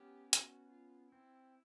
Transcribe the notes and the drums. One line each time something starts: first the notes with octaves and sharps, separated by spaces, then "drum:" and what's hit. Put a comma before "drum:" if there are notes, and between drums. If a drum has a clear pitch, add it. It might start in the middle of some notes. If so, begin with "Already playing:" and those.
Already playing: B3 C#4 G4
F#4, drum: hi-hat
F4
C4 E4